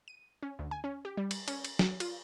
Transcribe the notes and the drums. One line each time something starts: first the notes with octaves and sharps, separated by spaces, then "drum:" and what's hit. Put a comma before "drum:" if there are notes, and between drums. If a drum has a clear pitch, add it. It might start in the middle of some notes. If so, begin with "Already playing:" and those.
D#7
C#4
D2
G#5
C#4
G4
G3
drum: cymbal
C#4, drum: cymbal
drum: cymbal
F#3, drum: snare
F4, drum: cymbal